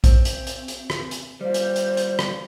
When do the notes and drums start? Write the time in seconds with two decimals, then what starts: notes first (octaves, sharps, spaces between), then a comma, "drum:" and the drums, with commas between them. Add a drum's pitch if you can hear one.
0.04 C4, drum: kick A#1, hi-hat
0.25 drum: hi-hat
0.47 drum: hi-hat
0.68 drum: hi-hat
0.90 drum: rim click
1.11 drum: hi-hat
1.41 G3 F4 C5
1.54 drum: hi-hat
1.76 drum: hi-hat
1.97 drum: hi-hat
2.19 drum: rim click